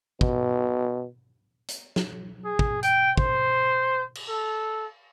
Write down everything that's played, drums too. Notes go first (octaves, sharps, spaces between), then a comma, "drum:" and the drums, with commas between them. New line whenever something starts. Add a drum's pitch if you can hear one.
B2, drum: kick
drum: hi-hat
drum: snare
G#4
drum: kick
G5, drum: hi-hat
C5, drum: kick
drum: cymbal
A4